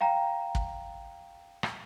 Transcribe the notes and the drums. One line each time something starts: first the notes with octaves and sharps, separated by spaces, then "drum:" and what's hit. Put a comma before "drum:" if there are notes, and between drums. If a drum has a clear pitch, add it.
F5 G5 A#5
drum: kick
drum: rim click